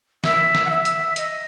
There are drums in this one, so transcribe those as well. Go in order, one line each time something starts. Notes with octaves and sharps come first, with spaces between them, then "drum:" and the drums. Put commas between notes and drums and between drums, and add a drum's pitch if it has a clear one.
E5, drum: snare
drum: snare
F#5
E5
drum: hi-hat
D#5, drum: hi-hat